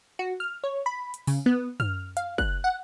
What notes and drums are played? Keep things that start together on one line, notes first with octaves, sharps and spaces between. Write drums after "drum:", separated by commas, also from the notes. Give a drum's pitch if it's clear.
F#4
F6
C#5
B5
drum: hi-hat
C#3, drum: open hi-hat
B3
F6, drum: tom F#2
F5, drum: hi-hat
F#6, drum: kick
F#5